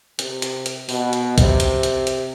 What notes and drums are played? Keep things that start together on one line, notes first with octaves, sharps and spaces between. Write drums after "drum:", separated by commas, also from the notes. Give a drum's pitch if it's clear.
C3, drum: hi-hat
drum: hi-hat
drum: hi-hat
B2, drum: open hi-hat
drum: hi-hat
C3, drum: kick B1, hi-hat
drum: hi-hat
drum: hi-hat
drum: hi-hat